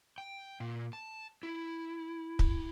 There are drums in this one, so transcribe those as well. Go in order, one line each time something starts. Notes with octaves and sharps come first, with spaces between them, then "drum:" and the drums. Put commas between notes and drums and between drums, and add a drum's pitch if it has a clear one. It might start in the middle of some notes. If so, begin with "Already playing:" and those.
G5
A#2
A5
E4
drum: kick